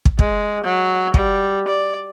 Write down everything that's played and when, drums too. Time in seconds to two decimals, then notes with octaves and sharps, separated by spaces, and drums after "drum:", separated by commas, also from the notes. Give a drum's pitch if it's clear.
0.05 drum: kick
0.19 G#3, drum: kick
0.64 F#3
1.14 G3, drum: kick
1.68 D5